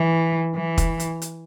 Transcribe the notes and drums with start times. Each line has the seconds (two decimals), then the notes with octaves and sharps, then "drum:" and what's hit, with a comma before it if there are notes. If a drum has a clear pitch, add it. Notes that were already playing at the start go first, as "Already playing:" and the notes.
Already playing: E3
0.56 E3
0.78 drum: kick, hi-hat
1.00 drum: hi-hat
1.22 drum: hi-hat